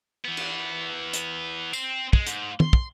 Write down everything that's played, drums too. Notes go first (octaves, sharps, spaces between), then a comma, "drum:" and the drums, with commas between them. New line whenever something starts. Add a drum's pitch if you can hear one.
E3 B3
drum: cymbal
drum: hi-hat
C4, drum: tambourine
G#3, drum: kick
G#2, drum: hi-hat
C6, drum: tom
drum: kick